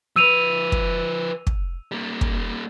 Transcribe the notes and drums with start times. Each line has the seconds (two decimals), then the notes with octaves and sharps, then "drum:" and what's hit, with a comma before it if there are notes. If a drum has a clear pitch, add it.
0.16 F3 B4 E6 D#7 F7
0.72 drum: kick
1.47 drum: kick
1.92 G3 A#3
2.21 drum: kick